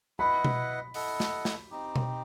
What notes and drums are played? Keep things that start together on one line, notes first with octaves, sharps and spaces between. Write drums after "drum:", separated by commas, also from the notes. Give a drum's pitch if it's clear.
E4 B4 D#5 F#5 B5
drum: tom B2
E4 A4 D#5 F#5, drum: open hi-hat
drum: snare
drum: snare
C4 D#4 G4
drum: tom B2